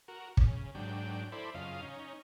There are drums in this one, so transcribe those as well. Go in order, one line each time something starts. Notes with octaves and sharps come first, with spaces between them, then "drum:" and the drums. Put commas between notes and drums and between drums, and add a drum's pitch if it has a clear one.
F#4 A#4
C#3, drum: kick
G#2 F#3 D4 G5
E4 A4 C5 D5 B5
F#2 C#3 F4 D#5 F5
C#4 D#4